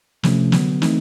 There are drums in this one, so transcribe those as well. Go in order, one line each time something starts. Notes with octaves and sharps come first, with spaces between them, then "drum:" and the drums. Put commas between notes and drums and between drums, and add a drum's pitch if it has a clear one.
C3 F3 A3 C#4, drum: snare
D3 F#3 B3, drum: snare
E3 A3 C4 D#4, drum: snare